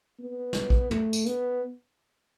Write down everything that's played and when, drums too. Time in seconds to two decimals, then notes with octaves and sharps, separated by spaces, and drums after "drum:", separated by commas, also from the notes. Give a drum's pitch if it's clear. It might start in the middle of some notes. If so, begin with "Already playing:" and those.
0.20 B3
0.53 drum: snare
0.70 drum: kick A#1
0.91 A3, drum: tom
1.13 drum: tambourine
1.26 B3, drum: hi-hat